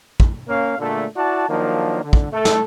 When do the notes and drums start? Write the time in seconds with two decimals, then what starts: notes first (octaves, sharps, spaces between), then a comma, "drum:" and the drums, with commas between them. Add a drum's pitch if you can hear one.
0.20 drum: kick
0.48 A#3 C#4 C#5 F5
0.79 A#2 D3 G#3 A3
1.16 E4 F#4 D5 A5
1.49 D#3 F3 F#3 A#3 D4
2.03 D3
2.13 drum: kick
2.33 A3 A4
2.45 drum: snare